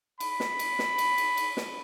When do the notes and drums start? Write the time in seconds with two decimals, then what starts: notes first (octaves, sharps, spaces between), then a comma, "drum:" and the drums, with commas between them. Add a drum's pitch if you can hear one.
0.20 B5, drum: cymbal
0.40 drum: snare
0.59 drum: cymbal
0.79 drum: snare
0.98 drum: cymbal
1.18 drum: cymbal
1.37 drum: cymbal
1.57 drum: snare